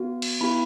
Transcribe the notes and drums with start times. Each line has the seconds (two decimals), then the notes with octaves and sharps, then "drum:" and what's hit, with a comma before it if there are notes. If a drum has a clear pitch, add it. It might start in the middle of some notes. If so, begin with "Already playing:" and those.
Already playing: B3 F#4
0.22 drum: cymbal
0.41 B3 E4 G4 B5